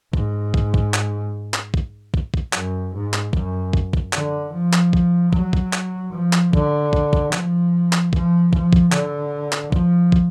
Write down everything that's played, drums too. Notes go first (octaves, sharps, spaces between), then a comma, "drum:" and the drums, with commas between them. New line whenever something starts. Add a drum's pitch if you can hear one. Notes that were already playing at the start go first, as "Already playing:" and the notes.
G#2, drum: kick
drum: kick
drum: kick
drum: clap
drum: clap
drum: kick
drum: kick
drum: kick
F#2, drum: clap
G#2
drum: clap
F#2, drum: kick
drum: kick
drum: kick
D3, drum: clap
F3
drum: clap
drum: kick
F#3, drum: kick
drum: kick
drum: clap
F3
drum: clap
D3, drum: kick
drum: kick
drum: kick
F3, drum: clap
drum: clap
F3, drum: kick
F3, drum: kick
drum: kick
D3, drum: clap
drum: clap
F3, drum: kick
drum: kick